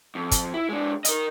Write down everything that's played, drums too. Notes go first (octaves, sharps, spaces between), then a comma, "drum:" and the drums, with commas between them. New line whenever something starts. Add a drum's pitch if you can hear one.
F2
drum: kick, hi-hat
E4
G#3 D4
A#4 D#5, drum: hi-hat